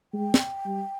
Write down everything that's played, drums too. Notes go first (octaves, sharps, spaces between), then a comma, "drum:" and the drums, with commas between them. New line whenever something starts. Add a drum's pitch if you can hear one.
G#3 G5
drum: snare
G3